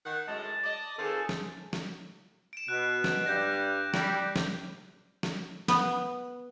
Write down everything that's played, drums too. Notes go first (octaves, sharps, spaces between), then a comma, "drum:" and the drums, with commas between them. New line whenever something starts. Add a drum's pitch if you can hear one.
D#3 F#5
F#2 A2 G#3 A5
D5 D#5
D#3 C4 F4 G#4 A4
drum: snare
drum: snare
D7 E7
B2 F#6
drum: snare
G2 G3 G6 A#6
G3 D5, drum: snare
drum: snare
drum: snare
B3, drum: snare